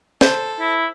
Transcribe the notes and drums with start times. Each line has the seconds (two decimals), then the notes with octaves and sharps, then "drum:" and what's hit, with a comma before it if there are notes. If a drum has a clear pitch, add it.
0.21 A4 C5, drum: snare
0.60 E4